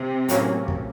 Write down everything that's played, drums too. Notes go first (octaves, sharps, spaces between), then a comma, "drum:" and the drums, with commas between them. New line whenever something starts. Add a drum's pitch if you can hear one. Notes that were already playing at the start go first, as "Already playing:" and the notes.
Already playing: C3
A2 F#3 A#3 C#4, drum: hi-hat
drum: kick